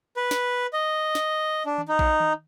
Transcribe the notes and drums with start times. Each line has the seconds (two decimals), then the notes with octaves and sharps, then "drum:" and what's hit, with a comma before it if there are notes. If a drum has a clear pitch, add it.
0.17 B4
0.31 drum: snare
0.73 D#5
1.15 drum: snare
1.66 D4
1.78 drum: tom D#3
1.88 D#4
1.99 drum: kick A#1
2.20 drum: tom D#3